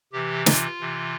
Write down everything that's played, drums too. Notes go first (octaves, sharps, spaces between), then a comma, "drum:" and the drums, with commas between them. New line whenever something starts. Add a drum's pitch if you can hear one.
C3 E3 G4
F4, drum: snare
C3 E3